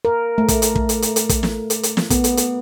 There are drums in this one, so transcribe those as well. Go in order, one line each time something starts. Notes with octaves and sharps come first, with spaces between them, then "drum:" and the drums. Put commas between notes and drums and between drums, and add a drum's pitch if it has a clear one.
A#4
A3
drum: kick, hi-hat
drum: hi-hat
drum: kick
drum: hi-hat
drum: hi-hat
drum: hi-hat
drum: kick, hi-hat
drum: snare
drum: hi-hat
drum: hi-hat
drum: snare
B3, drum: kick, hi-hat
drum: hi-hat
drum: hi-hat